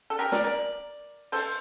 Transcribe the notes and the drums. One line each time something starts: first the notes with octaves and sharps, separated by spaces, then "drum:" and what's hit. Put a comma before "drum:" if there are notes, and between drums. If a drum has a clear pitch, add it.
A4
G4 A#4
A#4 D5, drum: snare
A#4 D5
A4 C5, drum: open hi-hat